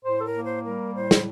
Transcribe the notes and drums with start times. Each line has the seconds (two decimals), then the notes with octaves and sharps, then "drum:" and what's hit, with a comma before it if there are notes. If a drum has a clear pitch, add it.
0.05 A2 C5
0.20 A4
0.25 A#4
0.35 A#3
0.44 C5
0.65 G3 A#4
0.95 A2 C5
1.11 drum: snare